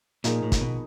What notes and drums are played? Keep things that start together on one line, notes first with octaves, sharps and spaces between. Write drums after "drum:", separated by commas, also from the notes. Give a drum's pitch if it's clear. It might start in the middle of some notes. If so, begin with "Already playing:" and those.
A#2 F3 A#3 D#4 G#4, drum: hi-hat
A2
drum: kick, hi-hat
B2